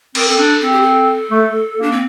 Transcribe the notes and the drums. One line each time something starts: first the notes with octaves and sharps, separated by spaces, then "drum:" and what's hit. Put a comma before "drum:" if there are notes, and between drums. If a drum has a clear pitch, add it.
C4 A#4, drum: cymbal
C4 A4
D4
C4 A4
G4
A4
A3
A#3
D4
C4